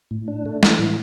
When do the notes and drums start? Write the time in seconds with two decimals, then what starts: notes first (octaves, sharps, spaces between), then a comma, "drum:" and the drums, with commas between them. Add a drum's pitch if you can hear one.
0.11 A2
0.28 D4
0.46 A3
0.63 E3, drum: snare
0.79 A2